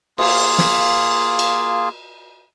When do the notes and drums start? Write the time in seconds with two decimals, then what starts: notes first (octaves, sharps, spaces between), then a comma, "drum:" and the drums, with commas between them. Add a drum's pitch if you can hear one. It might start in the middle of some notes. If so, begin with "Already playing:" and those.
0.18 A#3 F4 G#4, drum: cymbal
0.58 drum: snare
1.39 drum: cymbal